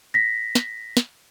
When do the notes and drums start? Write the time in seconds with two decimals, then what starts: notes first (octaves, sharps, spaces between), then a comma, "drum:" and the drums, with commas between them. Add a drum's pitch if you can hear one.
0.14 A#6 B6
0.55 drum: snare
0.97 drum: snare